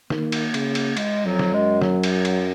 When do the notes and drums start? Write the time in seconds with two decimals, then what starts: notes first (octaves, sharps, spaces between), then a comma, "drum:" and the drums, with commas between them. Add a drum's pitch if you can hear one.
0.10 D#3 A#3, drum: snare
0.32 drum: cymbal
0.54 C#3, drum: cymbal
0.75 drum: cymbal
0.97 G#3, drum: cymbal
1.25 F2 F#3
1.39 drum: snare
1.54 F#2 G#3
1.82 F#3, drum: snare
2.03 drum: cymbal
2.25 drum: cymbal